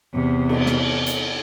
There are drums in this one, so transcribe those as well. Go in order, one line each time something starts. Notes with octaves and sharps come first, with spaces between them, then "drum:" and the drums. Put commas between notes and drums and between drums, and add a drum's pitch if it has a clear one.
E2 C3
drum: cymbal
drum: snare
drum: hi-hat